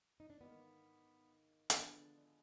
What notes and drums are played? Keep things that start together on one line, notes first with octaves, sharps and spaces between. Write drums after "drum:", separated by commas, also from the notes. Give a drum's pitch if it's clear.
D#4
D4
G#2 D#3 A#3 B3
D3 F3 G#3 B3 D4, drum: hi-hat